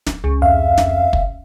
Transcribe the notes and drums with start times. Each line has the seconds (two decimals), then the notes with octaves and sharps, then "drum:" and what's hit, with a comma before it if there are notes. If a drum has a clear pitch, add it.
0.07 drum: snare
0.24 C#2
0.42 F2 E5 F5
0.78 drum: snare
1.13 drum: kick